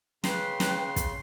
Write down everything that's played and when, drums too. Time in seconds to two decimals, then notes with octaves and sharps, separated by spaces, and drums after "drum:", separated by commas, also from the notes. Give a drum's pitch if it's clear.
0.24 C#3 B4 G5 C6, drum: snare
0.60 drum: snare
0.96 drum: kick, hi-hat